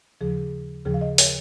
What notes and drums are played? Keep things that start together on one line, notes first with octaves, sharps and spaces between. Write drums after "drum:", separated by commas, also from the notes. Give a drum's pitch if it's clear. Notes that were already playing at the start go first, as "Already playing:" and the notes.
D#2 C#3 F3 G#4
D#2 C#3 F3 G#4
F5
D#5
C#5, drum: open hi-hat